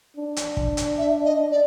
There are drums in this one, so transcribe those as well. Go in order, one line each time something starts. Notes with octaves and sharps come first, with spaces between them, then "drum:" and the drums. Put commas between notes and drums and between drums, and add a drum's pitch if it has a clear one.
D4
drum: hi-hat
drum: kick
drum: hi-hat
E5
D#5
D5